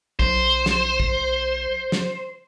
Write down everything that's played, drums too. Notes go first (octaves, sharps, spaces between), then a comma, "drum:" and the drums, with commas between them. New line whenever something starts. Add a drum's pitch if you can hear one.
B1 C5, drum: kick
drum: snare
drum: kick
drum: snare